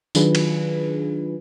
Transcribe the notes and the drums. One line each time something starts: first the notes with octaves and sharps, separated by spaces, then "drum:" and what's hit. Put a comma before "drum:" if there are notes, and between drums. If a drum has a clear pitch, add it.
D#3 F#3 D4 F4 G#4 B4, drum: tambourine
drum: cymbal